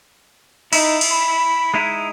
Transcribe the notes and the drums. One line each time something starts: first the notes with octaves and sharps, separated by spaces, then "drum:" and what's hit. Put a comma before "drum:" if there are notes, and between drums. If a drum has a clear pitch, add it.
D#4 E4, drum: cymbal
drum: cymbal
B5
G#3 D#4 E4